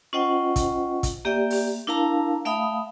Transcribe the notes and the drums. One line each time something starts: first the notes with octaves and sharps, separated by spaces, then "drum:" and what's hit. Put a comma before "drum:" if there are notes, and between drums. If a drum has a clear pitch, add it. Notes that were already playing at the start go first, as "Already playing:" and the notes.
C#4 F4 C5 D#5 F#5 G5
drum: kick, hi-hat
drum: kick, hi-hat
A#3 G4 D5 E5 G5
drum: open hi-hat
D4 E4 A#4 F5 A5 A#5
A3 E5 F5 G5 B5 D#6